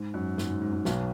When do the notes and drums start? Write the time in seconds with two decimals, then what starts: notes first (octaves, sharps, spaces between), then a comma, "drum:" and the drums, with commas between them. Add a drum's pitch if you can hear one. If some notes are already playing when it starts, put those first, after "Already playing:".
Already playing: G#2
0.14 F#2
0.38 G#2, drum: snare
0.50 G#2
0.62 G#2
0.73 G#2
0.85 B1 B2, drum: snare